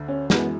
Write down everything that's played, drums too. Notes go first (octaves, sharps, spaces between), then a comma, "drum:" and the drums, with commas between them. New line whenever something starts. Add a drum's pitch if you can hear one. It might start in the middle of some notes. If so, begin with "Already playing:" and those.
Already playing: D2 D3
C#4
F#2 E3 G#3 B3, drum: snare